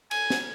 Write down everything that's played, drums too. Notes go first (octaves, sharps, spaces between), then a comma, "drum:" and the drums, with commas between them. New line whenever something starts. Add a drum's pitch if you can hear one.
G#5, drum: cymbal
drum: snare